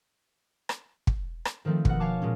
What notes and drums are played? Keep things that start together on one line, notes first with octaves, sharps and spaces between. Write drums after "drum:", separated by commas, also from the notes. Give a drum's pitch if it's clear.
drum: rim click
drum: kick
drum: rim click
D#3 F3 A3 C4 A4
B2 A#3 F#5, drum: kick
C#5 F5 G#5 A5 D6
A#2 G#3 C#4